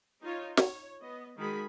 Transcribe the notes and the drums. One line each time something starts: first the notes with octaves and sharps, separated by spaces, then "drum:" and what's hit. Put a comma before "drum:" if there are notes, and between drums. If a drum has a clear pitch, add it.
D#4 F4 C#5
C#5, drum: snare
B3 D#5
D#3 G#3 F#4 G#4 B5